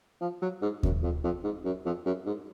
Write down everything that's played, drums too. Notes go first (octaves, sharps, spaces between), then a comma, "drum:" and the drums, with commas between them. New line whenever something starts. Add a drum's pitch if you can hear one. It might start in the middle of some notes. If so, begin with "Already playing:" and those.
F3
F#3
G#2
F#2, drum: kick D#2
F2
F2
G#2
F#2
F2
F#2
G#2